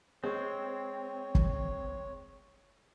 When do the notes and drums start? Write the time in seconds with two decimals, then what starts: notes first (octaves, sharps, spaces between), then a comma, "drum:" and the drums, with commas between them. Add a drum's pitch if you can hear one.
0.24 G#3 C4 C#5
1.35 drum: kick